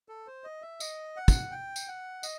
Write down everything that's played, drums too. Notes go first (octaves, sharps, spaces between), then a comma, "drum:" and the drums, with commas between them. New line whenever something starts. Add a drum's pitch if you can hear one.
A4
C5
D#5
E5
D#5, drum: tambourine
F#5
drum: kick, tambourine
G5
drum: tambourine
F#5
D#5, drum: tambourine